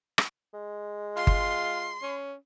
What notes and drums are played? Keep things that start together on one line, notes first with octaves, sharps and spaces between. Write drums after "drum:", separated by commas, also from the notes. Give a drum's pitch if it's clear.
drum: rim click
G#3
F4 C6
drum: kick G1
C#4